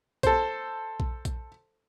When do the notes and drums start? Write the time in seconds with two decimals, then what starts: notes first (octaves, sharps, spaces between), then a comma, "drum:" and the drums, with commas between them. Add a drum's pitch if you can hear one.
0.23 A4 C5, drum: kick A#1, hi-hat
1.00 drum: kick A#1
1.25 drum: kick A#1, hi-hat